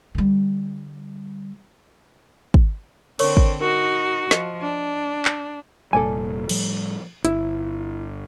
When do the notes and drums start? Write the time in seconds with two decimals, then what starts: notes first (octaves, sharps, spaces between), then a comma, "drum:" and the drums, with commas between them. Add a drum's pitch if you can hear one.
0.15 D3 G3
2.54 drum: kick
3.19 D3 C4 A#4 C#5 C#6, drum: cymbal
3.37 drum: kick
3.60 D#4 F#4 A#4
4.31 F3 D#5, drum: snare
4.61 D4
5.25 drum: clap
5.93 F1 A#2 G3 A4 D5 G#5
6.49 A2 F3 G3, drum: cymbal
7.25 G1 E4, drum: hi-hat